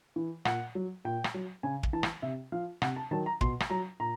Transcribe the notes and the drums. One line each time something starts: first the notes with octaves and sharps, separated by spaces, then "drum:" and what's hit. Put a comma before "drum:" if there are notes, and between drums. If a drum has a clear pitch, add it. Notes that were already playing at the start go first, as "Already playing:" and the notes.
E3
A#2 F#5, drum: rim click
F#3
A#2 G5
drum: rim click
F#3
C#3 G#5
drum: kick
E3 A5
drum: rim click
C3 E5
F3 F5
C3 F#5, drum: rim click
A5
D#3 F#3 A5
A#5
B2 C6, drum: kick
drum: rim click
F#3 A#5
A#2 A#5